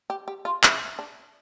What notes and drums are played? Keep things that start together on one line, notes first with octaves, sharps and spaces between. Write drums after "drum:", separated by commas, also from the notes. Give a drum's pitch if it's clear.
G4
G4
F4
E4, drum: clap
D4